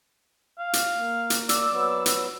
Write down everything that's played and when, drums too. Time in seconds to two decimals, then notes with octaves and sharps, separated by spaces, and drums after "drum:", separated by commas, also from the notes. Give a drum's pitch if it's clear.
0.59 F5
0.73 drum: hi-hat
0.97 A#3
1.30 drum: hi-hat
1.49 D5 E6, drum: hi-hat
1.71 F#3 B3
2.06 drum: hi-hat